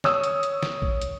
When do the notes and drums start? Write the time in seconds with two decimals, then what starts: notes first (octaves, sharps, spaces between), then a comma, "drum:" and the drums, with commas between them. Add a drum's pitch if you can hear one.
0.04 C#5 D#6 E6, drum: snare
0.24 drum: hi-hat
0.43 drum: hi-hat
0.63 drum: snare
0.82 drum: kick A1
1.01 drum: hi-hat